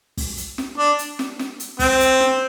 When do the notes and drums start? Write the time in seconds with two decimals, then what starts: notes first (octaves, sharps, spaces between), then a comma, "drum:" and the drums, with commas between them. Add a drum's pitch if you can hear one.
0.17 drum: kick, open hi-hat
0.38 drum: hi-hat
0.58 drum: snare
0.78 D4
0.99 drum: hi-hat
1.19 drum: snare
1.39 drum: snare
1.60 drum: hi-hat
1.79 C4, drum: kick, open hi-hat
2.00 drum: hi-hat
2.21 drum: snare